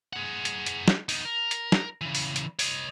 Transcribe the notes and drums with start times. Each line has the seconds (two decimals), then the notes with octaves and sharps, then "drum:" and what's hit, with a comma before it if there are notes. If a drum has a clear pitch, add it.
0.13 G#4 F#5
0.45 drum: hi-hat
0.66 drum: hi-hat
0.88 drum: snare
1.09 B3 D#4, drum: open hi-hat
1.25 A#4
1.51 drum: hi-hat
1.72 drum: snare
2.01 C#3 E3
2.15 drum: open hi-hat
2.36 drum: hi-hat
2.59 C#5 D#5, drum: open hi-hat